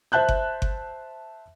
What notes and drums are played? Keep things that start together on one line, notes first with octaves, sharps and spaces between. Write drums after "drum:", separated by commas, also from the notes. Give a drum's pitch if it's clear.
C5 E5 A5 F#6 G6
drum: kick G1
drum: kick G1